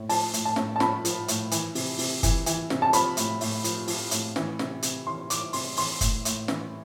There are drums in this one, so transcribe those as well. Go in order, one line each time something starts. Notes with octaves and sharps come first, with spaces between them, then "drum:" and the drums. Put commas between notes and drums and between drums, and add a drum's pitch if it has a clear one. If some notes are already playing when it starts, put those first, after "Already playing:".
Already playing: A2
F3 A5, drum: open hi-hat
A2, drum: hi-hat
A5
A2, drum: snare
A5
F3 B5, drum: snare
F3, drum: hi-hat
A2, drum: hi-hat
E3, drum: hi-hat
C3, drum: open hi-hat
C3, drum: open hi-hat
E3, drum: kick F#1, hi-hat
E3, drum: hi-hat
C3, drum: snare
A5
F3 B5, drum: hi-hat
A2, drum: hi-hat
A2, drum: open hi-hat
F3, drum: hi-hat
F3, drum: open hi-hat
A2, drum: hi-hat
E3, drum: snare
C3, drum: snare
C3, drum: hi-hat
E3 C6
E3 D6, drum: hi-hat
C3 C6, drum: open hi-hat
E3 C6, drum: open hi-hat
A2, drum: kick F#1, hi-hat
A2, drum: hi-hat
E3, drum: snare